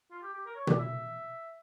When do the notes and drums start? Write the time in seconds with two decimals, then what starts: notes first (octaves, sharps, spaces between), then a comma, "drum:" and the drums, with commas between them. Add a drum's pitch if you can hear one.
0.11 F4
0.22 G4
0.34 G4
0.46 A#4
0.55 C#5
0.67 D5, drum: tom B2
0.79 E5